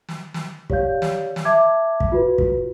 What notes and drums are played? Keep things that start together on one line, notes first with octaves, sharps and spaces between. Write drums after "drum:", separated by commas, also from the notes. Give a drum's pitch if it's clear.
drum: snare
drum: snare
G4 C#5 D5 F5 G6, drum: kick
drum: snare
drum: snare
E5 A5 D6 G#6
drum: kick
F4 F#4 B4
drum: kick